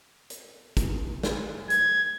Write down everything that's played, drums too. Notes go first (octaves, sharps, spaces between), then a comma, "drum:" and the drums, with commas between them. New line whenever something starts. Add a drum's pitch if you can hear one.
drum: hi-hat
drum: kick, hi-hat
drum: snare
G#6, drum: hi-hat